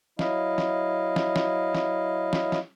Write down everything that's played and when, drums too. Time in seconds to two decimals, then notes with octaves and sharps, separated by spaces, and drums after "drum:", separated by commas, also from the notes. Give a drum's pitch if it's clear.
0.19 F#3 E4 D#5 F5, drum: snare
0.58 drum: snare
1.16 drum: snare
1.36 drum: snare
1.75 drum: snare
2.33 drum: snare
2.52 drum: snare